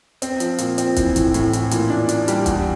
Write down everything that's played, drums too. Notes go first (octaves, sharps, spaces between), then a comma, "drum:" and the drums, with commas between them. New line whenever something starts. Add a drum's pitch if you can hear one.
C4, drum: hi-hat
F3, drum: hi-hat
A#2, drum: hi-hat
C4, drum: hi-hat
E3, drum: kick, hi-hat
A2, drum: kick, hi-hat
A2, drum: hi-hat
E3, drum: hi-hat
A#2, drum: hi-hat
D4
D4, drum: hi-hat
G3, drum: hi-hat
E2, drum: kick, hi-hat